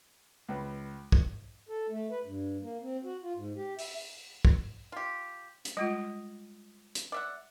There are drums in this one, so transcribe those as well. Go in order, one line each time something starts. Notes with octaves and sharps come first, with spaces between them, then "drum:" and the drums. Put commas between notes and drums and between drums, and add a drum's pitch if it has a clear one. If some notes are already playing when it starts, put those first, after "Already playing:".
C#2 B4
drum: kick
A4
A3
B4
G2
A#3
C4
F#4
F4
G#2
G4
E5, drum: open hi-hat
drum: kick
F4 G4
drum: hi-hat
G3 G#3 F4 D#5
drum: hi-hat
D5 E5 F#5